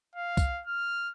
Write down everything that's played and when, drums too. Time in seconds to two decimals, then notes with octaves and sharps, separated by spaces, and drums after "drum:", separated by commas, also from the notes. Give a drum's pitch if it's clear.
0.15 F5
0.37 drum: kick, tambourine
0.67 F6